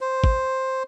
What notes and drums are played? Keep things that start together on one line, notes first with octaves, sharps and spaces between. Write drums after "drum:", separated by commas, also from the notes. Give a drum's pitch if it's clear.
C5
drum: kick